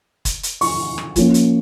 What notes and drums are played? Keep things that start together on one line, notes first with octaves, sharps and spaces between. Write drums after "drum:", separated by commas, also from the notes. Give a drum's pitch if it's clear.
drum: kick, hi-hat
drum: hi-hat
C#6, drum: open hi-hat
drum: rim click
F3 A#3 C#4, drum: kick, hi-hat
drum: hi-hat